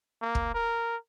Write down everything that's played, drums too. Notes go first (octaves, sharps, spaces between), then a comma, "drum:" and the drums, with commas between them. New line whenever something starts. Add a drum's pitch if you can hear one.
A#3
drum: kick
A#4